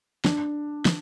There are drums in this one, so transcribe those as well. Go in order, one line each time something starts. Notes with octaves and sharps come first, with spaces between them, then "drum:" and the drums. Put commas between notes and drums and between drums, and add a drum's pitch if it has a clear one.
D4, drum: snare
drum: snare